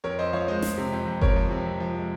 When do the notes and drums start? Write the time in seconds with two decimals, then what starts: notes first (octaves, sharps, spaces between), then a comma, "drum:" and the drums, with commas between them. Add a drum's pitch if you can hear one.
0.04 F2 A#4 C#5
0.19 F2 C5 D#5
0.33 F3 C#5 F5
0.48 G#3 C5 D#5
0.62 F3, drum: snare
0.78 C3
0.92 F2
1.07 F2
1.21 F2 A#4 C#5, drum: kick F#1
1.36 F3
1.51 C3
1.65 F2
1.80 F3
1.95 G#3